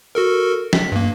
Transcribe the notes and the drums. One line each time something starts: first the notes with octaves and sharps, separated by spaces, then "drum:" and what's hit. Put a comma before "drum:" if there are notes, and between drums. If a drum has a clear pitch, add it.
F#4 A4 A#4
B6, drum: snare
G2 A#3